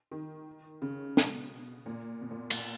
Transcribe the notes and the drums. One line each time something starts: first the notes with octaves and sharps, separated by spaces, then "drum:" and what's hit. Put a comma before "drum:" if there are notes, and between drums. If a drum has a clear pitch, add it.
D#3
C#3
B2, drum: snare
A#2
B2
A#2
A#2, drum: cymbal